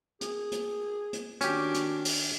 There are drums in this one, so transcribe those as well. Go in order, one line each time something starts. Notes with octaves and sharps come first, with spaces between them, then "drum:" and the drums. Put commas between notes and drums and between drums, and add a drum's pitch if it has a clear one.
G#4, drum: hi-hat
drum: hi-hat
drum: hi-hat
D#3 C#4 D4 F#4 G4, drum: hi-hat
drum: hi-hat
drum: open hi-hat